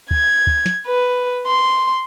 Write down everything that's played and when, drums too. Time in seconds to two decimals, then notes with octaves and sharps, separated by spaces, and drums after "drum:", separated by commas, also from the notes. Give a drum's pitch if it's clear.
0.11 G#6, drum: kick
0.47 drum: kick
0.66 drum: snare
0.87 B4
1.47 C6